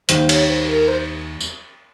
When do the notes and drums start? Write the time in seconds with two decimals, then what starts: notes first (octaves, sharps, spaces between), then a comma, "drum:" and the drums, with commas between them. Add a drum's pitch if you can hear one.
0.09 D#2 D#3 G3 C5, drum: hi-hat
0.29 C#5, drum: cymbal
0.49 C5
0.69 A#4
0.88 C5
1.40 drum: tambourine